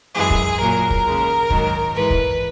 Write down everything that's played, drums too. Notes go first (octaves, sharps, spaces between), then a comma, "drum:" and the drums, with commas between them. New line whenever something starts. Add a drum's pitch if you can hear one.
F#2 E3 G#3 G#4
drum: kick
A#2 F#3 A#4
drum: kick
D#2 C#3 G#3
G#2 D#3 F#3, drum: kick
G#2 E3 G#3 B4
drum: kick